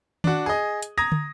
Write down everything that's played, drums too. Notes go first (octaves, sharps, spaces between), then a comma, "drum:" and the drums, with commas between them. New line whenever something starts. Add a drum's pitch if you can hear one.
D4 F#4, drum: tom D#3
G#4 D#5
drum: hi-hat
A#5 D#6 G#6 A#6
drum: tom